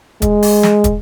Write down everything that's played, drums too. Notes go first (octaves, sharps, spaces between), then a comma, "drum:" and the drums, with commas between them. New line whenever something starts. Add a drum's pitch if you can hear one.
G#3, drum: kick, hi-hat
drum: open hi-hat
drum: snare
drum: kick, hi-hat